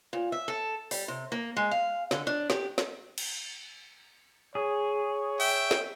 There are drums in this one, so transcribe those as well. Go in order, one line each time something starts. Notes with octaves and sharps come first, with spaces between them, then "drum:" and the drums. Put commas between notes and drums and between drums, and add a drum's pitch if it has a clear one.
A#2
E5
A4
G3, drum: open hi-hat
C3
A#3
G#3
F5
D3, drum: snare
D4
G4, drum: snare
drum: snare
drum: cymbal
G#4 C#5
E5 G5, drum: open hi-hat
drum: snare